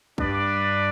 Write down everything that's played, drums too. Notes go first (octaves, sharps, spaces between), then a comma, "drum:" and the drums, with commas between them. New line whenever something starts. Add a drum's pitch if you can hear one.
G2 D4 B4 D5, drum: kick